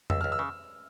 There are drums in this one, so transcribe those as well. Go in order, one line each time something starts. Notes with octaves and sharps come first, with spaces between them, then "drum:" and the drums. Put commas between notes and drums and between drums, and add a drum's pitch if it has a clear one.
C#2 E6, drum: tom F2
C#2 F6
E6
C#3